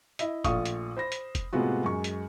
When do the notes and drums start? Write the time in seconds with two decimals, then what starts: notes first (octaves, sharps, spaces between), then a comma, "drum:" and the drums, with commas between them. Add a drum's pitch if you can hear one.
0.19 E4 D#5, drum: hi-hat
0.44 A#1 A3 F4 F5 C#6 D#6, drum: kick, hi-hat
0.65 drum: hi-hat
0.97 C5 B5 A#6
1.12 drum: hi-hat
1.35 drum: kick, hi-hat
1.53 A2 C3 G#3 B3 F4 F#4
1.84 F#2 G#3 C#6
2.04 drum: hi-hat